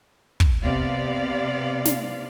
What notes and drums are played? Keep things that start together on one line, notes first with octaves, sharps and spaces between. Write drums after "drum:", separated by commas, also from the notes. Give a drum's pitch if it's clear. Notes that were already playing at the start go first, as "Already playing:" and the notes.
drum: kick
C3 B3 D5 F5
drum: snare